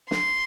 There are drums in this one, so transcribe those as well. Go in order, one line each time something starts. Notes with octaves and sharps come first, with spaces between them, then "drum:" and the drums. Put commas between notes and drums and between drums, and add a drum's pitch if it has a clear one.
C6, drum: snare